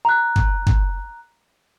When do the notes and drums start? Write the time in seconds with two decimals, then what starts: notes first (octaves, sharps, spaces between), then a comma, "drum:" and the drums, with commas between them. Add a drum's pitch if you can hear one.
0.05 A#5 F#6
0.36 drum: kick
0.67 drum: kick